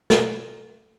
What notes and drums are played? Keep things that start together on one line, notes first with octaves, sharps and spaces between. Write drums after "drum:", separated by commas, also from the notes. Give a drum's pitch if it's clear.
A4, drum: snare